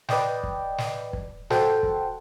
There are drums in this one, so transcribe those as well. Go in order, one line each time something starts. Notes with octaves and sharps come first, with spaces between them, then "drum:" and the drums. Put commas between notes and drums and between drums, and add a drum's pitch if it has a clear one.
B4 D5 D#5 G5, drum: snare
drum: kick
drum: snare
drum: kick
F#4 A4 C5 F#5 G5, drum: snare
drum: kick